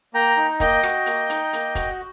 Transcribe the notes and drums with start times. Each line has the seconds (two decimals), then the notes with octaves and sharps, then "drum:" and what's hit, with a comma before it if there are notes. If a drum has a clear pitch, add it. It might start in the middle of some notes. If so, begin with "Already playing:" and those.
0.14 A#3 G5 A#5
0.37 D#4
0.60 A#3 D#5 G5, drum: kick, hi-hat
0.83 F#4, drum: rim click
1.06 A#3, drum: hi-hat
1.29 D#4, drum: hi-hat
1.53 A#3, drum: hi-hat
1.75 F#4, drum: kick, hi-hat